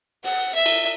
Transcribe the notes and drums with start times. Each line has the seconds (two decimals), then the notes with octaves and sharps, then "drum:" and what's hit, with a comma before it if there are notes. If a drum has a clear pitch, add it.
0.24 F#5, drum: open hi-hat
0.55 E5
0.66 drum: cymbal